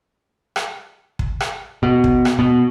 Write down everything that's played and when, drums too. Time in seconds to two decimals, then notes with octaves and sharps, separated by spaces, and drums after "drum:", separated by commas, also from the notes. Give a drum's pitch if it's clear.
0.56 drum: rim click
1.19 drum: kick
1.40 drum: rim click
1.83 B2
2.04 drum: kick
2.25 drum: rim click
2.39 B2